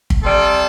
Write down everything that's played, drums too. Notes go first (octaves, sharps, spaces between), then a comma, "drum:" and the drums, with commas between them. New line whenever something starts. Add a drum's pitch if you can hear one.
drum: kick
C3 G3 C4 A4